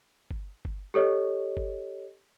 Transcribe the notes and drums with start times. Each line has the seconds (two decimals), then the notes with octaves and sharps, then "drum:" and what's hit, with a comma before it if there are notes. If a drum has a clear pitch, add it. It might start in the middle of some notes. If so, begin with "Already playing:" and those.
0.31 drum: kick G1
0.65 drum: kick G1
0.94 G4 A4 C#5 D#5
1.57 drum: kick G1